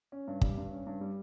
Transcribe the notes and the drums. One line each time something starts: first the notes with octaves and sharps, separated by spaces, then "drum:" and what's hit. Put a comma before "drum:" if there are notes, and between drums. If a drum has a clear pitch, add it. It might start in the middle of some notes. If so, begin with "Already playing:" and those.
C#4
G2
G3, drum: kick
G2
C#4
G2
G3